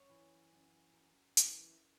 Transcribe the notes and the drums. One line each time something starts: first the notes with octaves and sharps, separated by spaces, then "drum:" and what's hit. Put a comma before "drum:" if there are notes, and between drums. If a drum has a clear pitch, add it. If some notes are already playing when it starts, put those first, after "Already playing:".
Already playing: F#2 C#5
E3
F#2
F#2
E3, drum: hi-hat